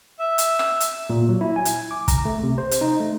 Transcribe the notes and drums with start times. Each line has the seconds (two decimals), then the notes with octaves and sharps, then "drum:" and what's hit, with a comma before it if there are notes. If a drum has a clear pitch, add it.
0.19 E5
0.38 drum: hi-hat
0.59 drum: rim click
0.80 drum: hi-hat
1.10 A#2
1.29 F#3
1.41 E4
1.56 G#5
1.65 drum: hi-hat
1.91 D6
2.08 A#5, drum: kick, hi-hat
2.25 A3
2.43 C3
2.58 C5
2.71 drum: hi-hat
2.81 D#4
3.00 A3